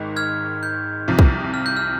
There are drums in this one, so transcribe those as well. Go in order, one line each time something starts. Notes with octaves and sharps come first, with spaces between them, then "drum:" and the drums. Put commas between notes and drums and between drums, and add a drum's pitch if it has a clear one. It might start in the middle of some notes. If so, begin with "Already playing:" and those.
Already playing: G#1 G#2 D#3
F6 G#6
G6
C2 C3 F3
drum: kick
F6
G6
F6